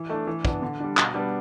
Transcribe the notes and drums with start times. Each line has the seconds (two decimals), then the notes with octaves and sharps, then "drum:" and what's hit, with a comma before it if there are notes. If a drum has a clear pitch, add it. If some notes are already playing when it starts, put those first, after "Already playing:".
Already playing: E3
0.10 A3 D4
0.27 E3
0.45 B3 D4, drum: kick
0.62 D3
0.80 G3 D4
0.97 B2, drum: clap
1.14 G3 B3 D4